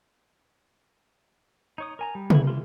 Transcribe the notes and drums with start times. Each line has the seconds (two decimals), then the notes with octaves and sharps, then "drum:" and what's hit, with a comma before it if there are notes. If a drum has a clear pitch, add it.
1.78 D#4 C#5 D#6
1.99 A#4 G#5 A#5
2.15 G3
2.30 B3 E4, drum: tom C3
2.47 E3 C4 F4